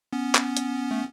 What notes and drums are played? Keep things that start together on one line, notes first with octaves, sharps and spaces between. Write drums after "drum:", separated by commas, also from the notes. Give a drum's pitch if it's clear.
B3 C#4
drum: clap
drum: hi-hat
A3